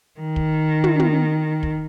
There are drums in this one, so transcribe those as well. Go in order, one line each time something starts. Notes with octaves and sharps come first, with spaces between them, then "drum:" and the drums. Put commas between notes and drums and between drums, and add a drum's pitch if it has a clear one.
D#3
drum: kick
drum: tom
drum: tom
drum: kick